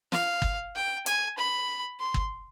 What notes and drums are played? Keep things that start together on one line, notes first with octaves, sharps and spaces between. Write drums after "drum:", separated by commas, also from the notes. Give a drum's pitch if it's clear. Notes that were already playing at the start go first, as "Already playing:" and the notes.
F5, drum: snare
drum: kick G1
G5
G#5, drum: hi-hat
B5
C6
drum: kick G1